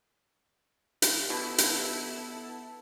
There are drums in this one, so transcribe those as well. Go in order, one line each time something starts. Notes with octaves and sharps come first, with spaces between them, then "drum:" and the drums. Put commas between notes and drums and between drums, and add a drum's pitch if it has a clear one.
drum: hi-hat
B2 B3 E4 A4
drum: hi-hat